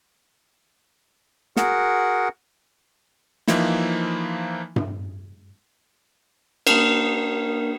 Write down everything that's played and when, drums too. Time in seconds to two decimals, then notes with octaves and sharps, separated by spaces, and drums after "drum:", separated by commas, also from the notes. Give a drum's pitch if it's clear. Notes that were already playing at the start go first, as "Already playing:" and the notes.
1.57 F#4 G#4 A#4 F#5, drum: snare
3.48 E3 F3 A#3 D#4 E4, drum: snare
4.76 drum: tom G2
6.67 A#3 D4 A#4, drum: cymbal